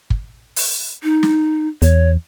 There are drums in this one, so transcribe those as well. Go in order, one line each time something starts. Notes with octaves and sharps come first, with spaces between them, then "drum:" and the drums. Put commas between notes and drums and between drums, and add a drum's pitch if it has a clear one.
drum: kick
drum: open hi-hat
D#4
drum: snare
E2 C#5, drum: hi-hat